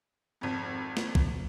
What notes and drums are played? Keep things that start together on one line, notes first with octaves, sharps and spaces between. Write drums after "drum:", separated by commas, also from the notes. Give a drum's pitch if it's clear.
G#1 F2
drum: snare
drum: kick